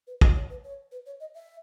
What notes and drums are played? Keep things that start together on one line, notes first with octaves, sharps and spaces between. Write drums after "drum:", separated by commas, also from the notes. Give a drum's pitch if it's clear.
B4
D#5, drum: kick
C#5
B4
C#5
B4
C#5
D#5
E5